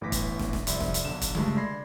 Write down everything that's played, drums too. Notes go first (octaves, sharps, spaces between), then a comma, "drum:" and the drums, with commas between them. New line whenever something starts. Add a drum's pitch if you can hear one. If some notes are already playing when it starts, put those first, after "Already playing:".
G1 A2 E3 D6 A#6 B6
drum: kick, hi-hat
drum: snare
drum: snare
C2 F2 D5 E5 B5 C6, drum: hi-hat
drum: snare
drum: hi-hat
B1 D3 E7
drum: kick, hi-hat
G2 G#3 A3 D4 F4, drum: tom C#3
D5 B5 C6 G#6 A#6 C7